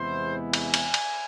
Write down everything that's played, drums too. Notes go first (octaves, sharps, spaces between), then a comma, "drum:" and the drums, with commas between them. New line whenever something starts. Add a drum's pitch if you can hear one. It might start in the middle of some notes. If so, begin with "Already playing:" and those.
Already playing: E2 C3 G#3 B3 E4 C5
G#5, drum: cymbal
drum: cymbal
drum: cymbal